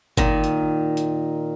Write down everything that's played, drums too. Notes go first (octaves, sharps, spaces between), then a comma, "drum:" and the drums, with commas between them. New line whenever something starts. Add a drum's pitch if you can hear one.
A#2 D#3, drum: kick G1
drum: hi-hat
drum: hi-hat